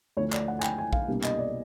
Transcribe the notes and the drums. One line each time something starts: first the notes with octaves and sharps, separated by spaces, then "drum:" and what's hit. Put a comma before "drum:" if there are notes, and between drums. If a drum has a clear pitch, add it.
D2 D3 F3 A3 C#5
D5, drum: clap
F#5
G#5
G5, drum: clap
G#5
F5, drum: kick A#1
C2 B2 G3 A#3 D4
D#5, drum: clap
D5